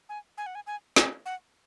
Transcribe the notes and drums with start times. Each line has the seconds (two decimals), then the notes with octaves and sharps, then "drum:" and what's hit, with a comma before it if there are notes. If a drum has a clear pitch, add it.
0.09 G#5
0.38 G#5
0.46 F#5
0.55 G#5
0.67 G#5
0.96 G#5, drum: snare
1.26 F#5